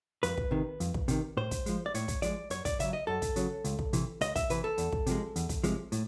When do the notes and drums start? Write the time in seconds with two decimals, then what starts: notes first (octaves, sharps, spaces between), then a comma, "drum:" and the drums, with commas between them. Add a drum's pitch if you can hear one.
0.23 F2 B4, drum: hi-hat
0.38 drum: kick
0.51 C3 D#3
0.80 F2, drum: hi-hat
0.94 drum: kick
1.08 C3 D#3, drum: hi-hat
1.37 A2 C5
1.51 drum: kick, hi-hat
1.66 F3 G#3, drum: hi-hat
1.86 D5
1.94 A2 C#5, drum: hi-hat
2.08 drum: kick, hi-hat
2.22 F3 G#3 D5, drum: hi-hat
2.50 F#2 C#5, drum: hi-hat
2.65 D5, drum: kick, hi-hat
2.80 C#3 F#3 E5, drum: hi-hat
2.93 D#5
3.07 F#2 A4
3.22 drum: kick, hi-hat
3.36 C#3 F#3, drum: hi-hat
3.64 C#2, drum: hi-hat
3.79 drum: kick
3.93 C3 E3, drum: hi-hat
4.21 C#2 D#5, drum: hi-hat
4.36 E5, drum: kick, hi-hat
4.50 C3 E3 B4, drum: hi-hat
4.64 A4
4.78 E2, drum: hi-hat
4.92 drum: kick
5.07 C3 F3 G#3, drum: hi-hat
5.36 E2, drum: hi-hat
5.49 drum: kick, hi-hat
5.64 C3 F3 G#3, drum: hi-hat
5.92 A2, drum: hi-hat